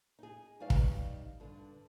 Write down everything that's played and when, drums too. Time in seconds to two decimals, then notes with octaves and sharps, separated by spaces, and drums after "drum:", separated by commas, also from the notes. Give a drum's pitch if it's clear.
0.19 D#4 G#4
0.60 G3 D#4 B4 C#5 D5 F5
0.70 drum: kick
1.40 G2 D3